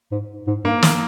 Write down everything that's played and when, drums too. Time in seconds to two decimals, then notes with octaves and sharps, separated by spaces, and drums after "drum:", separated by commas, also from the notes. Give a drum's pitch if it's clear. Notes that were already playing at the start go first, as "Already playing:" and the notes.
0.11 G#2
0.47 G#2
0.64 G2 A#3
0.83 drum: snare